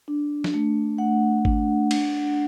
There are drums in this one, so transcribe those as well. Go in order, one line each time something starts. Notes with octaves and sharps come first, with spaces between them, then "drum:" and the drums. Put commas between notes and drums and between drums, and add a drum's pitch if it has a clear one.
D4
drum: snare
A3
A3 F#5
D4, drum: kick G#1
D4, drum: cymbal